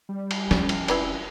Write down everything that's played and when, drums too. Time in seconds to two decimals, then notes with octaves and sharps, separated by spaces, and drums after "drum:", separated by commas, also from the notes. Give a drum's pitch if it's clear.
0.09 G3
0.31 drum: cymbal
0.51 C#4, drum: snare
0.69 drum: cymbal
0.88 F1 E4 B4 D5, drum: cymbal